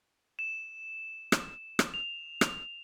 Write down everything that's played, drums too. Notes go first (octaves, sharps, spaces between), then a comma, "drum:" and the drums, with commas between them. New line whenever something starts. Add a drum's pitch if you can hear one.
E7
drum: rim click
drum: rim click
F7
drum: rim click